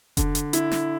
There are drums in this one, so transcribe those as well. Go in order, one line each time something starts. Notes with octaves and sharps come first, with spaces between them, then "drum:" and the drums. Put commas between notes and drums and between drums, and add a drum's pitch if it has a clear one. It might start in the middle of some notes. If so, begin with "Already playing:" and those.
D3, drum: kick F1, hi-hat
drum: hi-hat
E4, drum: hi-hat
drum: snare